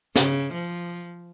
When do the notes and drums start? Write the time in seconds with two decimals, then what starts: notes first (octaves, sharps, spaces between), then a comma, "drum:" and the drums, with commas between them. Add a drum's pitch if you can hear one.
0.16 C#3, drum: snare
0.54 F3